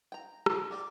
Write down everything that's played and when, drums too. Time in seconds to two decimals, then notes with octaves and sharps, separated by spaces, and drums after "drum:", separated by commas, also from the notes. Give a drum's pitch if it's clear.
0.12 G5 A#5
0.46 drum: rim click
0.71 A#4 D5 G5 D6